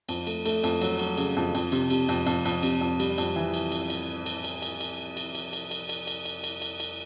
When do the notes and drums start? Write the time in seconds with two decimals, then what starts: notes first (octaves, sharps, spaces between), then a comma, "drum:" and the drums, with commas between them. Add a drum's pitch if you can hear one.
0.09 F2, drum: cymbal
0.27 A3, drum: cymbal
0.45 A3, drum: cymbal
0.64 F2, drum: cymbal
0.81 F#3, drum: cymbal
0.99 F#3, drum: cymbal
1.17 C#3, drum: cymbal
1.37 F2
1.55 F2, drum: cymbal
1.72 C3, drum: cymbal
1.90 C3, drum: cymbal
2.09 F2, drum: cymbal
2.26 F2, drum: cymbal
2.45 F2, drum: cymbal
2.63 C3, drum: cymbal
2.81 F2
3.00 G3, drum: cymbal
3.18 F2, drum: cymbal
3.36 E3
3.54 drum: cymbal
3.72 drum: cymbal
3.90 drum: cymbal
4.26 drum: cymbal
4.44 drum: cymbal
4.62 drum: cymbal
4.80 drum: cymbal
5.17 drum: cymbal
5.35 drum: cymbal
5.53 drum: cymbal
5.71 drum: cymbal
5.89 drum: cymbal
6.07 drum: cymbal
6.25 drum: cymbal
6.44 drum: cymbal
6.62 drum: cymbal
6.80 drum: cymbal